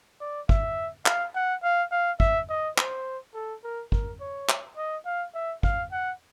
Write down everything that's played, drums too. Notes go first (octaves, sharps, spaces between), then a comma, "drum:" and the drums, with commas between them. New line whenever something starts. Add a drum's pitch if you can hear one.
D5
E5, drum: kick
F5, drum: clap
F#5
F5
F5
E5, drum: kick
D#5
C5, drum: clap
A4
A#4
A#4, drum: kick
C#5
drum: clap
D#5
F5
E5
F5, drum: kick
F#5